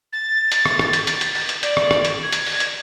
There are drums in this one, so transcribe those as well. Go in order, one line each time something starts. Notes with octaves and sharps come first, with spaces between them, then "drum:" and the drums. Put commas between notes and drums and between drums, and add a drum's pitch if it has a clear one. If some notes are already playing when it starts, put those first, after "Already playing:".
A6
drum: hi-hat
drum: rim click
drum: rim click
drum: hi-hat
drum: hi-hat
drum: hi-hat
drum: open hi-hat
drum: hi-hat
D5, drum: hi-hat
drum: rim click
drum: rim click
drum: hi-hat
G#6
drum: hi-hat
drum: open hi-hat
drum: hi-hat